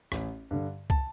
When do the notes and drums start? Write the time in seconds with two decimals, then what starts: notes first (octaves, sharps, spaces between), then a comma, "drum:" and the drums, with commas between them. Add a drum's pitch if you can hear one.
0.12 A1, drum: rim click
0.51 G2 D3
0.90 A5, drum: kick